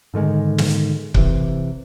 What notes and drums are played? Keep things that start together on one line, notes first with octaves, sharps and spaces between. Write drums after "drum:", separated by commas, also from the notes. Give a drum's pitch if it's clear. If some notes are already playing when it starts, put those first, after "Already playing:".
G#2 D3 D#3 G#3
drum: snare
C3 E3, drum: kick C#1